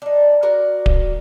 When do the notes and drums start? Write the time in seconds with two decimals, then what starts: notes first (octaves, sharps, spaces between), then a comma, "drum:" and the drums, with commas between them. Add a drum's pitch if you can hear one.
0.02 D4 D#4
0.42 F#4 A#4 D5
0.86 drum: kick D1